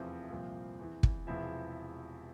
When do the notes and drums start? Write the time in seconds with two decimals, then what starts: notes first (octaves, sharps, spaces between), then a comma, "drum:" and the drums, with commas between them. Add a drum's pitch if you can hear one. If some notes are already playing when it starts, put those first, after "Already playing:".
Already playing: F1 E2 C3 F3 C4
0.30 C2 A#2 F3
0.79 E2 E3
1.03 drum: kick
1.27 E1 E2 C3 F3 E4 E5